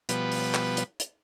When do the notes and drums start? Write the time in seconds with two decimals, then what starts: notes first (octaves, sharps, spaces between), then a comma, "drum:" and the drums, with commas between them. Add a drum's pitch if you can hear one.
0.09 B2 F3 G3 B3 B4, drum: hi-hat
0.32 drum: open hi-hat
0.54 drum: clap
0.77 drum: hi-hat
1.00 drum: hi-hat